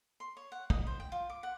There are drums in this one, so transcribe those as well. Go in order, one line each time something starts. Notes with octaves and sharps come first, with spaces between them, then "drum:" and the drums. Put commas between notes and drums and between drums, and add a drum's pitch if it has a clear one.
C6
C#5
F#5
D#5, drum: kick
C5
G5
F4
D6
F#5